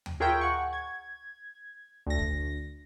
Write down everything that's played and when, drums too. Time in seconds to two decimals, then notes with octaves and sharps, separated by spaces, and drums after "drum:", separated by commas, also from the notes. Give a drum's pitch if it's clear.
0.06 drum: tom
0.20 F4 G#4 A#4 C#5 E5 G5
0.41 F#5 C#6
0.73 G#6
2.06 D2 A#6
2.19 drum: kick